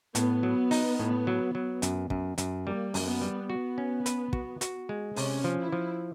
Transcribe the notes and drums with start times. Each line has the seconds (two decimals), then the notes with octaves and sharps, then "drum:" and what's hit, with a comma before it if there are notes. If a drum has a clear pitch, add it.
0.15 A2 B3, drum: hi-hat
0.43 F#3
0.71 D#4, drum: open hi-hat
0.99 A2
1.27 F#3
1.55 F#3
1.82 F#2, drum: hi-hat
2.10 F#2, drum: kick
2.38 F#2, drum: hi-hat
2.66 G3 A#3
2.94 F#2, drum: open hi-hat
3.08 B3
3.21 G3
3.50 B3 F#4
3.78 C#4
4.06 B4, drum: hi-hat
4.33 F#4, drum: kick
4.61 F#4, drum: hi-hat
4.89 G#3
5.16 C3 C#4, drum: open hi-hat
5.44 F3
5.58 E4
5.72 F3